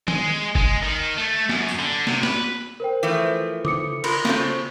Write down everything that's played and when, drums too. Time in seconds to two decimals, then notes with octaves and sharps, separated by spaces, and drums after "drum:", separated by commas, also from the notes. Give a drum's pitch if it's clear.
0.08 G#3, drum: tom D#3
0.55 G#3, drum: kick F#1
0.83 D#3
1.17 A3
1.49 F#2, drum: snare
1.68 drum: tambourine
1.79 D3
2.07 C3, drum: snare
2.23 B4, drum: snare
2.80 A#4 C5 G5
3.03 E3 F3 A3
3.65 D6 D#6 C#7, drum: tom C#3
4.04 F4 A#4 B5 C6, drum: cymbal
4.25 C#3 A3 C4, drum: snare